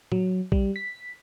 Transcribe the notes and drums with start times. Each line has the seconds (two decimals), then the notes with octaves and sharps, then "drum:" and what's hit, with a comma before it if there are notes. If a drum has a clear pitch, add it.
0.12 F#3, drum: tom
0.52 G3, drum: kick
0.76 B6